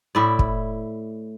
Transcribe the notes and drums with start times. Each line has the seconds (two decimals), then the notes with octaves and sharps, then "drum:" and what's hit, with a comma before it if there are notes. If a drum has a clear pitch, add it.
0.15 A2 E4 D5
0.39 drum: kick